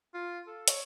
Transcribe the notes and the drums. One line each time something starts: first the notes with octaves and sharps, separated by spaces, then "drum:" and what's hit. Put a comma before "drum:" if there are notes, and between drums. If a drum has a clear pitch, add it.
F4
A4
C#5, drum: hi-hat